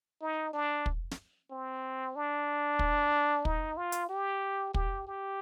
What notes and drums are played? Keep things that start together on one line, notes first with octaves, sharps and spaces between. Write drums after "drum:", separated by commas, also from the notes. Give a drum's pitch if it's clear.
D#4
D4
drum: kick
drum: snare
C4
D4
drum: kick
D#4, drum: kick
F4
drum: hi-hat
G4
G4, drum: kick
G4